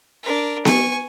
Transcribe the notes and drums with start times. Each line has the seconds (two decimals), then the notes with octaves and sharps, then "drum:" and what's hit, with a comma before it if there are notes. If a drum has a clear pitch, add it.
0.23 D4 A#4
0.65 G#5 C#6, drum: snare B3